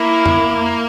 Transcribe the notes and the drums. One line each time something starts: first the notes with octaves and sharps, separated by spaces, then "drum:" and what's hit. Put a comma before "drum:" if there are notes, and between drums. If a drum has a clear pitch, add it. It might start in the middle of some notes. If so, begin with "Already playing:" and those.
Already playing: A#3 E4
drum: tom F2